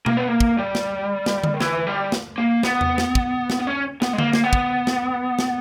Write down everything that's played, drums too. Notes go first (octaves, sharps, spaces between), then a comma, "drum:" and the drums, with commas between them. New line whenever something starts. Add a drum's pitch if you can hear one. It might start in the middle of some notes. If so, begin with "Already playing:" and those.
A#3, drum: tom B2
B3
A#3
drum: kick
G3
drum: snare
drum: snare
drum: tom D3
D#3
E3, drum: snare
G3
drum: snare
A#3
B3, drum: snare
drum: tom E2
drum: snare
drum: kick
drum: snare
B3
C#4
B3, drum: snare
G#3
A#3, drum: tom D3
A#3, drum: snare
B3
drum: kick
drum: snare
drum: snare